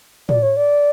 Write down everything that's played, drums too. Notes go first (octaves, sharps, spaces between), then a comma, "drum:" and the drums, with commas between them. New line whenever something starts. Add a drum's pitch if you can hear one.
D5, drum: tom A2
C#5
D5